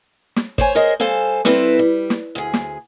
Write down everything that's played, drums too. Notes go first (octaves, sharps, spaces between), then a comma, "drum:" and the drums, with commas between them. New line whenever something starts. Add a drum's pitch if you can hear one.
drum: snare
C5 C#5 G#5, drum: kick
G#4 A#4 C5 C#5 D#5
G3 A4 C5 F5 G#5
G3 C4 E4 A4 B4, drum: snare
G3
drum: snare
D2 G#4
drum: snare